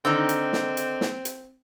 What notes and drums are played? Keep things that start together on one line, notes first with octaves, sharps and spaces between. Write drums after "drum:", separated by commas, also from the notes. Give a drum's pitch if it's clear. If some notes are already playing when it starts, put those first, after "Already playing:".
D3 D#3 C4 D#4
drum: hi-hat
drum: snare
drum: hi-hat
drum: snare
drum: hi-hat